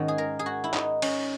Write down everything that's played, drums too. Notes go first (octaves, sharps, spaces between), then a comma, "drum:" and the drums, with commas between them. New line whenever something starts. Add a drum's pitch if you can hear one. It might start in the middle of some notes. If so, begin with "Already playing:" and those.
Already playing: G#2 D#3 C#4 F#4
G#4
A#4
G#4
F#4
E4
D#4, drum: clap
C#4, drum: cymbal